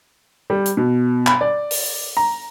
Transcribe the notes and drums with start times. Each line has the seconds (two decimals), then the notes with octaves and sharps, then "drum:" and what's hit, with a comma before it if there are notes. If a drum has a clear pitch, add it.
0.50 G3
0.66 drum: hi-hat
0.77 B2
1.27 B5, drum: clap
1.41 D5
1.71 drum: open hi-hat
2.17 A#5